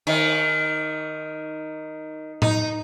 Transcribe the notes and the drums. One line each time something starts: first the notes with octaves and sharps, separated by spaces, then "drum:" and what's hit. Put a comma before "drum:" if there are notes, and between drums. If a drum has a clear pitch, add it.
D#3, drum: cymbal
D#4, drum: tom A2